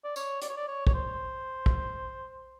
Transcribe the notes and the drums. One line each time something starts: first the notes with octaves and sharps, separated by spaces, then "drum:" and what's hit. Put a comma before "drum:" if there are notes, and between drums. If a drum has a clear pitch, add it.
D5
C#5, drum: tambourine
D5, drum: hi-hat
C#5
D5
C#5
C#5, drum: kick
C5
drum: kick